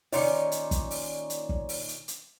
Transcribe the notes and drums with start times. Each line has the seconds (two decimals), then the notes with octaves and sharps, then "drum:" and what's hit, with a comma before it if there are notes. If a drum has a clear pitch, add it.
0.12 A#2 D#3 C#4 C#5 D5 C6, drum: open hi-hat
0.52 drum: hi-hat
0.71 drum: kick, hi-hat
0.91 drum: open hi-hat
1.30 drum: hi-hat
1.49 drum: kick
1.69 drum: open hi-hat
1.88 drum: hi-hat
2.08 drum: hi-hat